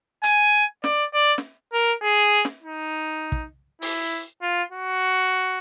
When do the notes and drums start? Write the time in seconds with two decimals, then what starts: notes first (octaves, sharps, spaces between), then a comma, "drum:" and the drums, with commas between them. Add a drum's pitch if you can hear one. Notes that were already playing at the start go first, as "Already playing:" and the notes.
0.23 G#5, drum: hi-hat
0.84 D5, drum: snare
1.13 D5
1.38 drum: snare
1.73 A#4
2.03 G#4
2.45 drum: snare
2.63 D#4
3.32 drum: kick
3.82 E4, drum: open hi-hat
4.42 F4
4.72 F#4